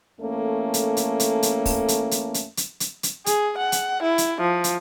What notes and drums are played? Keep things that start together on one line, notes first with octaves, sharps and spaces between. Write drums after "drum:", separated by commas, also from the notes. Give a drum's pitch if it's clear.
E2 A3 A#3 C#4 A4
drum: hi-hat
drum: hi-hat
drum: hi-hat
drum: hi-hat
drum: kick, open hi-hat
drum: hi-hat
drum: hi-hat
drum: hi-hat
drum: hi-hat
drum: hi-hat
drum: hi-hat
G#4, drum: hi-hat
F#5
drum: hi-hat
E4
drum: hi-hat
F3
drum: hi-hat